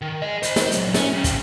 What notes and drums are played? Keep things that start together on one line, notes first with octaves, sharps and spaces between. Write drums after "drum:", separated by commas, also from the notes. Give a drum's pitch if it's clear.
D#3
G#4 D#5
C5 B5, drum: hi-hat
drum: snare
A#2 F#3, drum: hi-hat
C#4, drum: snare
C#3 C4
drum: kick, hi-hat